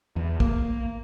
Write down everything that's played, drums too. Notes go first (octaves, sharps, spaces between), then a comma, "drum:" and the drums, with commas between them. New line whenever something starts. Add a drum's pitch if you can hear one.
E2
A#3, drum: kick